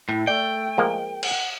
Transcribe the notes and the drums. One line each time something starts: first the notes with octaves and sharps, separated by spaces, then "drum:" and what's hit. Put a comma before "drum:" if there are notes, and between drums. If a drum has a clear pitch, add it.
A2 E4
A3 D5 G5
F3 G#3 A#3
F#5, drum: cymbal